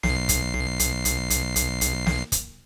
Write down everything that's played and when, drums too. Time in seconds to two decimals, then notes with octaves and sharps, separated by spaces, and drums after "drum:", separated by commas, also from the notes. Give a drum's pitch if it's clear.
0.03 B1 C7, drum: snare
0.29 drum: kick, hi-hat
0.79 drum: hi-hat
1.05 drum: hi-hat
1.30 drum: hi-hat
1.56 drum: hi-hat
1.81 drum: hi-hat
2.06 drum: snare
2.32 drum: kick, hi-hat